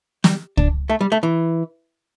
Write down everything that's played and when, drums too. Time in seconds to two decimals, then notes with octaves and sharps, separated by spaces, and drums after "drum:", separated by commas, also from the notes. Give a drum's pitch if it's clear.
0.24 G3, drum: snare
0.57 D4, drum: kick
0.90 A3
1.01 G3
1.12 A3
1.23 E3